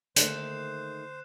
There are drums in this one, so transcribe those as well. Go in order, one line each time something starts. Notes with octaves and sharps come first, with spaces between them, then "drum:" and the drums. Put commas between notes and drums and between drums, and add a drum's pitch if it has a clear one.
D3 D#3 A3 A#3 C5 F#6 C7 E7, drum: hi-hat